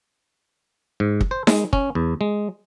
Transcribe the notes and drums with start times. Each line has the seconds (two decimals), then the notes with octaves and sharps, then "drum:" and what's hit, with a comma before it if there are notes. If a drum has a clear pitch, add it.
1.00 G#2
1.21 drum: kick
1.31 C5
1.47 G#3, drum: snare D#4
1.73 C#4, drum: kick
1.95 E2
2.21 G#3